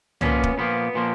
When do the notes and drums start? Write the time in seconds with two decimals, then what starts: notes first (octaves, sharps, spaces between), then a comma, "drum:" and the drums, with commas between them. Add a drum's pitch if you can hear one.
0.21 A#2 F3 A#3 B3 C#4, drum: tom
0.43 drum: kick D1
0.58 A#2 F3 A#3 B3
0.95 A#2 F3 A#3